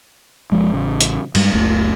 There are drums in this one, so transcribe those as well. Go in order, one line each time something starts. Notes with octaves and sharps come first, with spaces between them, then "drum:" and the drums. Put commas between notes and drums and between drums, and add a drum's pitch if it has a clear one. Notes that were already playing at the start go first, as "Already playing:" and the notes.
F#1 F3 G#3
A1 C#3
drum: hi-hat
G2 G3 G#3, drum: cymbal
F#1 C#2 A3